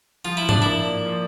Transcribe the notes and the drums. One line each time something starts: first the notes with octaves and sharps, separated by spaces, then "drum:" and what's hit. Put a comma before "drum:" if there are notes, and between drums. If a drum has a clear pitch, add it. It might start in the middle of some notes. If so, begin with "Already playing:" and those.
F3 F4
E4
D4, drum: tom
A#3 D4 E4
F3